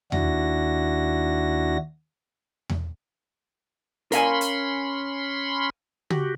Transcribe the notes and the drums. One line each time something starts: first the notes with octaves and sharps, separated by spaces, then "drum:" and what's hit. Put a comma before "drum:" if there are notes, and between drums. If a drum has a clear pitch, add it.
D#2 D4 E4 F#4 A#6, drum: tom E2
drum: tom E2
C#4 A#4 F5 G#5 B5 C6, drum: hi-hat
drum: hi-hat
F#4 G4, drum: tom C#3